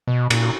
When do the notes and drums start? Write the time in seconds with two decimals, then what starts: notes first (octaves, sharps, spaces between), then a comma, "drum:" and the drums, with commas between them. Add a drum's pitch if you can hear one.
0.08 B2
0.30 A#2, drum: cymbal